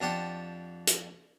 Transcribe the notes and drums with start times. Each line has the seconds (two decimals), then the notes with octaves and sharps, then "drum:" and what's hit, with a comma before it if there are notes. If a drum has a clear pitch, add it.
0.01 F2 D4 G4 F#5 C6
0.87 drum: hi-hat